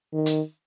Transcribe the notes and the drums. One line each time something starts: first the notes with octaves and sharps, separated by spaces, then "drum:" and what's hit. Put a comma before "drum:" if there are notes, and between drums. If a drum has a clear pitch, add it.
D#3
drum: hi-hat